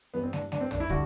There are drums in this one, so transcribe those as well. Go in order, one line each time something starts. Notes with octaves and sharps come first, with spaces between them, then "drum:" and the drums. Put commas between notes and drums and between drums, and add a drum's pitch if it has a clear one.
G2 E3 G3 B3
C4
D4, drum: snare
D4, drum: snare
C4
D4, drum: tom
E4
D3 G3 F#4, drum: kick